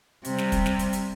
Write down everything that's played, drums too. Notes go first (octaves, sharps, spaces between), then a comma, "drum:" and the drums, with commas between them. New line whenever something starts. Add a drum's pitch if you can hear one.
C3 G3, drum: hi-hat
drum: snare
drum: kick, hi-hat
drum: snare
drum: hi-hat
drum: hi-hat